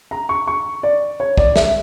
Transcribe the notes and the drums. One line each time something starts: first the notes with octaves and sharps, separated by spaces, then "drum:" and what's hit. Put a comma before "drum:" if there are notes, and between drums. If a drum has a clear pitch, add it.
A#5
C#6
C#6
D5
C#5
D5, drum: kick
E5, drum: snare